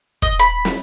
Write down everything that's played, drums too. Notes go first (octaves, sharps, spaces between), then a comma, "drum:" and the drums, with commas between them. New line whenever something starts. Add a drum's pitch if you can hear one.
D#5, drum: kick
B5
drum: snare